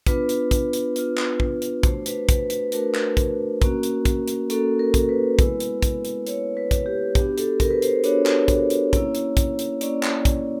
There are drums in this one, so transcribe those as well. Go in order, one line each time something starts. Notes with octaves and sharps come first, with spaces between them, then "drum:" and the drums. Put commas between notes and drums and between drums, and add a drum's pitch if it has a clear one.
B3 D4 F4 B4, drum: kick, hi-hat
drum: hi-hat
drum: kick, hi-hat
drum: hi-hat
B3 D4 F4, drum: hi-hat
drum: clap
drum: kick
drum: hi-hat
A3 D4 F#4 C5, drum: kick, hi-hat
B4, drum: hi-hat
B4, drum: kick, hi-hat
B4, drum: hi-hat
A3 D4 F#4 A#4, drum: hi-hat
drum: clap
drum: kick, hi-hat
A#3 C#4 F#4, drum: kick, hi-hat
drum: hi-hat
drum: kick, hi-hat
drum: hi-hat
A#3 C#4 F#4 A4, drum: hi-hat
A#4
drum: kick, hi-hat
B4
G#3 B3 E4, drum: kick, hi-hat
drum: hi-hat
drum: kick, hi-hat
drum: hi-hat
G#3 B3 E4 C#5, drum: hi-hat
B4
drum: kick, hi-hat
G4
B3 D4 F#4 G4, drum: kick, hi-hat
A4, drum: hi-hat
A#4, drum: kick, hi-hat
B4
C5, drum: hi-hat
B3 D4 F#4 C#5, drum: hi-hat
drum: clap
drum: kick, hi-hat
drum: hi-hat
A#3 C#4 E4, drum: kick, hi-hat
drum: hi-hat
drum: kick, hi-hat
drum: hi-hat
A#3 C#4 E4 D5, drum: hi-hat
drum: clap
drum: kick, hi-hat